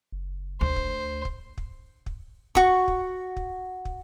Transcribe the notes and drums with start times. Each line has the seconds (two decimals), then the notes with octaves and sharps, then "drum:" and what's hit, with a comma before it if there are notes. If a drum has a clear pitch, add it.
0.12 F#1
0.61 D2 C5
0.76 drum: kick
1.25 drum: kick
1.58 drum: kick
2.06 drum: kick
2.55 F#4 C#6, drum: kick
2.88 drum: kick
3.37 drum: kick
3.85 drum: kick